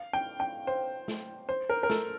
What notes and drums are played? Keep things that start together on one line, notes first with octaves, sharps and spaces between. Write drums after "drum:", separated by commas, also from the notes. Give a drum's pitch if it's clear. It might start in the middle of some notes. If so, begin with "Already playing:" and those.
Already playing: F5
G5
G5
C5
drum: snare
C5
A#4
A#4
A4, drum: snare